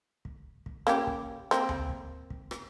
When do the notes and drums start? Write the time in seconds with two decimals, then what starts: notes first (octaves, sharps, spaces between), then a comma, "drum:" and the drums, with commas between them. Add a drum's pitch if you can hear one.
0.25 drum: kick
0.66 drum: kick
0.87 A#3 C#4 G4, drum: rim click
1.07 drum: kick
1.51 A#3 C4, drum: rim click
1.69 drum: tom D2
1.89 drum: kick
2.30 drum: kick
2.51 drum: rim click